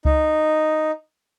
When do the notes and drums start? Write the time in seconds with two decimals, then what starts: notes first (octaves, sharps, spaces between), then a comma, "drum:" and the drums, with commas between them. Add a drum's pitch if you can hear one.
0.05 D#4, drum: kick C#2